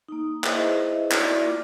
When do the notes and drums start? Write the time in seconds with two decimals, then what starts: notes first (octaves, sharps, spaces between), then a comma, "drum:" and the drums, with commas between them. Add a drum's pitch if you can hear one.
0.08 A#3 D#4
0.44 E4 G#4 B4 C5 D#5 E5, drum: clap
1.12 E4 F#4 D5 E5, drum: clap
1.46 A#3 F4 D6